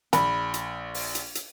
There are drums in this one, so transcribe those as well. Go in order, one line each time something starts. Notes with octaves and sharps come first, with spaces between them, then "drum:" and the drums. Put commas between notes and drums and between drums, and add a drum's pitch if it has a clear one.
A#1 B5, drum: hi-hat
drum: hi-hat
drum: open hi-hat
drum: hi-hat
drum: hi-hat